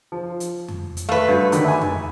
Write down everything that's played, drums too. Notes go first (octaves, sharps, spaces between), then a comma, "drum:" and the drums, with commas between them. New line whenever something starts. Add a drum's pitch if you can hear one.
F3
drum: hi-hat
drum: tom F2
drum: hi-hat
A3 B4 F5 A5
G2 F#4
D3 D#3 B5, drum: hi-hat
E5 G#5
drum: tom F2